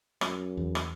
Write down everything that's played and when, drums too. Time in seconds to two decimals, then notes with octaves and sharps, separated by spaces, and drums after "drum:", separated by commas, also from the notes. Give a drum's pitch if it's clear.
0.21 F#2, drum: rim click
0.57 E2
0.75 drum: rim click